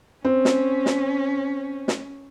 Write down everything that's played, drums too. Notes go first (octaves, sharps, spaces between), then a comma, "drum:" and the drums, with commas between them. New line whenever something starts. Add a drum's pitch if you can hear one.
C4 C#4
drum: snare
drum: snare
drum: snare